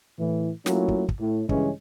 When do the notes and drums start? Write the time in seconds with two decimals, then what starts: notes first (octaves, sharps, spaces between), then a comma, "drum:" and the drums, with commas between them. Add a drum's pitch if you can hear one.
0.19 A2 E3
0.66 F#3 A3 A#3 C#4 E4 F4, drum: snare
0.88 drum: kick
1.09 drum: kick
1.20 A2
1.49 G2 C#3 E3 G#3 C#4, drum: kick